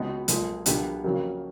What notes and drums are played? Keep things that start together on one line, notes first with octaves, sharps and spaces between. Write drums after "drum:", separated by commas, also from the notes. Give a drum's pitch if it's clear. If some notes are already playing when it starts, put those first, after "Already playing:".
Already playing: C#2 B2 G#3 B3 D#4
B1 A#2 F3 G#3, drum: hi-hat
B1 A#2 G3 B3 D4, drum: hi-hat
F2 C#3 F#3 A#3